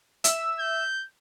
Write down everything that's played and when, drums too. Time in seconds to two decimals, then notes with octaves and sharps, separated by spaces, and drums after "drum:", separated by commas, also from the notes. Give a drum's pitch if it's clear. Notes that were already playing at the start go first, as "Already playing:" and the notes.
0.24 E5 E6, drum: hi-hat
0.60 G6